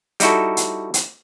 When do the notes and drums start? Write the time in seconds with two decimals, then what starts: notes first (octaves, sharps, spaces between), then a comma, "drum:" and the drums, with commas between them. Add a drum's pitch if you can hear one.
0.20 G3 D#4 E4 F#4 A4, drum: hi-hat
0.57 drum: hi-hat
0.94 drum: hi-hat